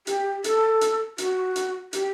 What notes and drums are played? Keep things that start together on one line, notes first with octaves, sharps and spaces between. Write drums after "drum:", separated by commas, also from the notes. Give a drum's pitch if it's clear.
G4, drum: hi-hat
A4, drum: hi-hat
drum: hi-hat
F#4, drum: hi-hat
drum: hi-hat
G4, drum: hi-hat